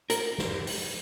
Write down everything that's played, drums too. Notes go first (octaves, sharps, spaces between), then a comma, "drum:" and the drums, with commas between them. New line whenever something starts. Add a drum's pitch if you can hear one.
A#4, drum: hi-hat
drum: snare
drum: open hi-hat